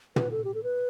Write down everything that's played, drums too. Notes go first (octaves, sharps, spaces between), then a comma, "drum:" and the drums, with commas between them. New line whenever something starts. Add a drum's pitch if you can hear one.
B4, drum: tom
A4
G4
A4
B4